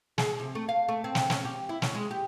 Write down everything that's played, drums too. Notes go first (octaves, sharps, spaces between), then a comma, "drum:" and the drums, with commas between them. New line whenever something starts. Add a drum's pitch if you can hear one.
G#4, drum: snare
C3
A3
F5
A3
C4
drum: snare
C#4, drum: snare
G4
E4
C#4, drum: snare
G#3
G4